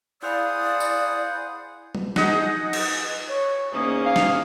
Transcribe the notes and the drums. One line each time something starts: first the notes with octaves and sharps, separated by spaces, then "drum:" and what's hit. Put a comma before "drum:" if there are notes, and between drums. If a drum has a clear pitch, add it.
E4 G#4 C5 D5 F5 F#5 B5 D#6
drum: tambourine
drum: tom F#3
D#4 G#4 D#5 F#5, drum: snare
drum: cymbal
C#5
E2 G#2 A#3 C#4 D#6
F5
drum: snare